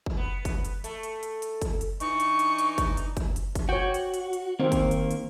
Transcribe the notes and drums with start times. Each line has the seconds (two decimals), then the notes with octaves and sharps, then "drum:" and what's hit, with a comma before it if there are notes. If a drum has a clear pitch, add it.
0.06 drum: kick
0.17 B3
0.45 drum: kick, hi-hat
0.65 drum: hi-hat
0.84 A3, drum: hi-hat
1.03 drum: hi-hat
1.23 drum: hi-hat
1.42 drum: hi-hat
1.62 drum: kick, hi-hat
1.81 drum: hi-hat
2.00 E3 D4 D#4 C#6, drum: hi-hat
2.20 drum: hi-hat
2.39 drum: hi-hat
2.58 drum: hi-hat
2.78 drum: kick, hi-hat
2.97 drum: hi-hat
3.17 drum: kick, hi-hat
3.36 drum: hi-hat
3.55 drum: kick, hi-hat
3.69 F#4 C#5 G5
3.94 drum: hi-hat
4.14 drum: hi-hat
4.33 drum: hi-hat
4.60 D#3 A#3 C4
4.72 drum: kick, hi-hat
4.91 drum: hi-hat
5.11 drum: hi-hat